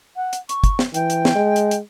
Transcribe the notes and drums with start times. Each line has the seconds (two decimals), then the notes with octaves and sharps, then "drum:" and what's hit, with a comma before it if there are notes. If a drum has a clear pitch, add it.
0.16 F#5
0.33 drum: hi-hat
0.49 C#6, drum: hi-hat
0.64 drum: kick, hi-hat
0.79 drum: snare
0.94 E3 G5, drum: hi-hat
1.10 drum: hi-hat
1.25 drum: snare
1.35 G#3
1.56 drum: hi-hat
1.71 drum: hi-hat